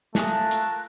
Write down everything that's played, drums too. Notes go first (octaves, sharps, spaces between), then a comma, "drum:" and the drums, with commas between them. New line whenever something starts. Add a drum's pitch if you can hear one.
A3 F4 A4 A#4 G#5 A5 D#6 F#6, drum: snare
drum: hi-hat